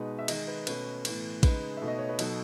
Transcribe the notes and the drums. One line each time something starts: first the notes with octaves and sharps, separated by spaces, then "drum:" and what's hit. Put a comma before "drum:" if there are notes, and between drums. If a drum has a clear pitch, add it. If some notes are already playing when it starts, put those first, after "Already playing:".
Already playing: B2 G#3 D#4 B4
E5
D#3 G#3 D#4 D#5, drum: cymbal
B4
B2 A3 C#4 B4, drum: cymbal
A2 E3 B3, drum: cymbal
C#3 G#3 D#4 B4, drum: kick A1, cymbal
B2 A3 D#4 E5
D#5
C#5
B4
B2 F#3 B3 D#4 A4, drum: cymbal